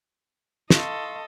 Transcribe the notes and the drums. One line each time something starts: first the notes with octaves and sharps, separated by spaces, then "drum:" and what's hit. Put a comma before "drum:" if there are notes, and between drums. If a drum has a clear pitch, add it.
A4 D#5 F5 C6 C#6, drum: snare